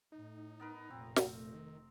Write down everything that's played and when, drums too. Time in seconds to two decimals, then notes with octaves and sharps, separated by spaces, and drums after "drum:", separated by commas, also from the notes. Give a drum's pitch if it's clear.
0.12 A2 D#4
0.60 B3 A#4 B4
0.90 F1 A#2 A3 C4
1.16 drum: snare
1.54 D#3